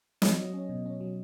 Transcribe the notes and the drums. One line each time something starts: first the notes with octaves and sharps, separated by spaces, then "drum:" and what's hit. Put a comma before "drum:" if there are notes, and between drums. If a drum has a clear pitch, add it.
F#3 D#5, drum: snare
F#3
C#4
B2
C#4
F#3